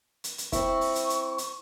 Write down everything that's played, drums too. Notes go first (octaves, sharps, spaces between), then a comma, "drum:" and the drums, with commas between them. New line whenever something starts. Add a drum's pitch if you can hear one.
drum: hi-hat
drum: hi-hat
C4 E4 C#6, drum: kick, hi-hat
drum: open hi-hat
drum: hi-hat
drum: hi-hat
drum: hi-hat